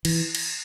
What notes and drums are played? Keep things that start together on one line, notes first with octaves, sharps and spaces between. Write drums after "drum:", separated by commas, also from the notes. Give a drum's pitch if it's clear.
E3, drum: cymbal
drum: cymbal